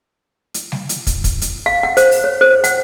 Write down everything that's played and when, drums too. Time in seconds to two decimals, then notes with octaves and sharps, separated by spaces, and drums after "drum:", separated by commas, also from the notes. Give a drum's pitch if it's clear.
0.54 drum: hi-hat
0.72 drum: snare
0.89 drum: hi-hat
1.07 drum: kick, hi-hat
1.24 drum: kick, hi-hat
1.42 drum: hi-hat
1.66 F5
1.83 F#5
1.97 C5, drum: hi-hat
2.11 drum: open hi-hat
2.24 C#5
2.41 C5
2.64 F#5, drum: hi-hat